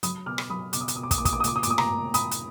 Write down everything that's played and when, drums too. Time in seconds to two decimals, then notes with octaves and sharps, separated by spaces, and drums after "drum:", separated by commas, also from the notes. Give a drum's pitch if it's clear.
0.03 F#3 B5 D#6, drum: hi-hat
0.26 B2 D6 F6
0.38 drum: rim click
0.50 F#3 B5 D#6
0.73 B2 D6, drum: hi-hat
0.81 D#6
0.88 D6, drum: hi-hat
0.96 B2 D#6
1.03 D6
1.11 D#6, drum: kick, hi-hat
1.18 A#3 D6
1.25 D#6, drum: kick, hi-hat
1.33 D6
1.40 D#6
1.44 A#2 D6, drum: hi-hat
1.56 D#6
1.63 D6, drum: hi-hat
1.67 A#2 D#6
1.78 A#5 D6, drum: rim click
1.90 A#2
2.14 A#2 B5 D#6, drum: hi-hat
2.31 drum: hi-hat